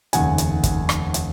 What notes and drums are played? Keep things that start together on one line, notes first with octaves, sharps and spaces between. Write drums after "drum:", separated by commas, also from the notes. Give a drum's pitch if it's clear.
F1 D#2 C#3 F#5 G#5, drum: hi-hat
drum: hi-hat
drum: kick, hi-hat
drum: rim click
drum: hi-hat